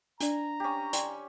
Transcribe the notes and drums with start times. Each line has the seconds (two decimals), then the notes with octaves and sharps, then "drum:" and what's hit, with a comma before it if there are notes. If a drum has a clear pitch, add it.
0.20 D4 D5 A#5, drum: hi-hat
0.60 C#4 G4
0.93 D5 G5 C6, drum: hi-hat